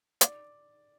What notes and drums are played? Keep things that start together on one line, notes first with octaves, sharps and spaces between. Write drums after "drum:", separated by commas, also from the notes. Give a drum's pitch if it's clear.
D5, drum: hi-hat